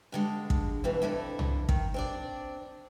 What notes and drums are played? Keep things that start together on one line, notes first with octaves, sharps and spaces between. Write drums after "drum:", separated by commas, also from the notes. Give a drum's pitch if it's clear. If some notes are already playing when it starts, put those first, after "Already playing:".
G2 D3 G#3
drum: kick
F2 B2 E3
F2 D3 E4 A4
drum: tom C2
D#3, drum: kick
C4 D4 D5